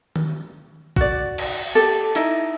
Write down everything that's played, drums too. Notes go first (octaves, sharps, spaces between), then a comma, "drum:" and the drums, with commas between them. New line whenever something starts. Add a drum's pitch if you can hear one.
drum: tom D#3
F#4 D5, drum: kick
drum: cymbal
G4 A4
D#4 E4 D#5, drum: hi-hat